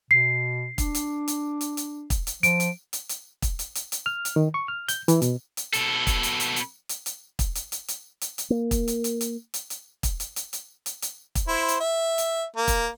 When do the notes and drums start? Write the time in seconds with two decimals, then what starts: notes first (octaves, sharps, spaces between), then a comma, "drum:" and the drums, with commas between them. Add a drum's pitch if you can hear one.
0.11 B2 C7
0.78 D4, drum: kick, hi-hat
0.95 drum: hi-hat
1.28 drum: hi-hat
1.61 drum: hi-hat
1.77 drum: hi-hat
2.10 drum: kick, hi-hat
2.27 drum: hi-hat
2.43 F3 D7, drum: hi-hat
2.60 drum: hi-hat
2.93 drum: hi-hat
3.09 drum: hi-hat
3.42 drum: kick, hi-hat
3.59 drum: hi-hat
3.75 drum: hi-hat
3.92 drum: hi-hat
4.06 F6
4.25 drum: hi-hat
4.36 D#3
4.54 C#6
4.68 F6
4.88 G6, drum: hi-hat
5.08 E3, drum: hi-hat
5.22 B2, drum: hi-hat
5.57 drum: hi-hat
5.73 B2 A4, drum: hi-hat
6.07 drum: kick, hi-hat
6.23 drum: hi-hat
6.40 drum: hi-hat
6.56 drum: hi-hat
6.89 drum: hi-hat
7.06 drum: hi-hat
7.39 drum: kick, hi-hat
7.55 drum: hi-hat
7.72 drum: hi-hat
7.88 drum: hi-hat
8.21 drum: hi-hat
8.38 drum: hi-hat
8.50 A#3
8.71 drum: kick, hi-hat
8.88 drum: hi-hat
9.04 drum: hi-hat
9.21 drum: hi-hat
9.54 drum: hi-hat
9.70 drum: hi-hat
10.03 drum: kick, hi-hat
10.20 drum: hi-hat
10.36 drum: hi-hat
10.53 drum: hi-hat
10.86 drum: hi-hat
11.02 drum: hi-hat
11.35 drum: kick, hi-hat
11.48 E4 C5
11.68 drum: hi-hat
11.80 E5
12.18 drum: hi-hat
12.56 A#3
12.68 drum: kick, hi-hat